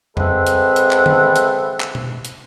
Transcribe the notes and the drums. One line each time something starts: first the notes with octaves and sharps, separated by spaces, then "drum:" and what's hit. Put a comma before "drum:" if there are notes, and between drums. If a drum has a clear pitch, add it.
G#3 C4 A4 B4 E5 F#5, drum: tom F2
drum: hi-hat
drum: hi-hat
drum: clap
drum: tom D3
drum: hi-hat
drum: clap
drum: tom B2
drum: hi-hat